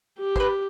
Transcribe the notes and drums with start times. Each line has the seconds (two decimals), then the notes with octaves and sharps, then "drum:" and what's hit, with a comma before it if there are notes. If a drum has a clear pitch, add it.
0.19 G4
0.36 C5, drum: kick
0.40 B4